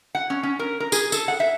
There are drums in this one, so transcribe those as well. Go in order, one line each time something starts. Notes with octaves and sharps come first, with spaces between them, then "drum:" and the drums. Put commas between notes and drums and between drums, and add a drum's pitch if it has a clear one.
F#5
C#4
C#4
A#4
A#4
G#4, drum: tambourine
A4, drum: tambourine
F#5
E5